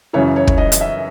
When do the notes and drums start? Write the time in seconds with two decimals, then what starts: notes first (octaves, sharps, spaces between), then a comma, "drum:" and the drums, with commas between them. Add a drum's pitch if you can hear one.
0.13 F#2 C#3 E3 C#5
0.36 C#5
0.47 drum: kick
0.58 D#5
0.72 drum: hi-hat
0.81 E5